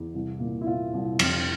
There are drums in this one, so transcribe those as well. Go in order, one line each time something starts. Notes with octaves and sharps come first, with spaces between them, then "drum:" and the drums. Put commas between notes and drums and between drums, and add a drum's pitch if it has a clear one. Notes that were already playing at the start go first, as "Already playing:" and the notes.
Already playing: E2
C2
A#2
E4
A#2 F4
C2
F2, drum: cymbal